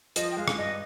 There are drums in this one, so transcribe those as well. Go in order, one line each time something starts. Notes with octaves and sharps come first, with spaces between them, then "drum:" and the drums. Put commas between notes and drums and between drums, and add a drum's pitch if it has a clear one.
F3 D#5, drum: hi-hat
G5
G#3 F5
drum: rim click
G2 D#5